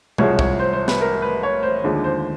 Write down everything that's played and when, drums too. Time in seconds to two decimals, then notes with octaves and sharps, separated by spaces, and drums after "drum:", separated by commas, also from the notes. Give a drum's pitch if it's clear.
0.18 C2 C3 F3 G#3 C#5, drum: tom B2
0.39 C#5, drum: kick
0.59 C5
0.73 C5
0.88 B4, drum: snare
1.01 A#4
1.22 B4
1.43 C#5
1.63 C5
1.84 D#2 D3 F3 G#3
2.04 C5